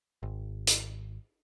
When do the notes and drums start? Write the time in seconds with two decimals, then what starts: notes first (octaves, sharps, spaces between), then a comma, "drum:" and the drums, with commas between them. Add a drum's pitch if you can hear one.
0.23 G#1
0.67 drum: hi-hat